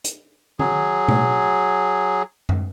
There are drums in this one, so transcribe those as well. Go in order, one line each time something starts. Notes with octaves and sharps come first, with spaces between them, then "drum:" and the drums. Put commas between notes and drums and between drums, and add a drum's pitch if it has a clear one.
drum: hi-hat
F#3 G#4, drum: tom
drum: tom B2
drum: tom F#2